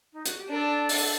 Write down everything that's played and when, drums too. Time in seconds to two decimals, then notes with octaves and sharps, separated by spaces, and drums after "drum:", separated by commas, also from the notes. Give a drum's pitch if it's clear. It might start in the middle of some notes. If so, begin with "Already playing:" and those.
0.13 D#4
0.26 F#4, drum: hi-hat
0.37 G4
0.49 D4 A#4
0.55 A4
0.89 drum: open hi-hat